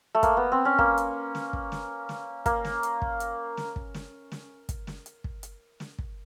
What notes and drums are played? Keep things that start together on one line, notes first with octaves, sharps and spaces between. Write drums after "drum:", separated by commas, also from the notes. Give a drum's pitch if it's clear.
A3
A#3, drum: kick, hi-hat
B3
C4
C#4
A#3, drum: kick
drum: hi-hat
drum: snare
drum: kick
drum: snare
drum: snare
A#3, drum: kick, hi-hat
drum: snare
drum: hi-hat
drum: kick
drum: hi-hat
drum: snare
drum: kick
drum: snare
drum: snare
drum: kick, hi-hat
drum: snare
drum: hi-hat
drum: kick
drum: hi-hat
drum: snare
drum: kick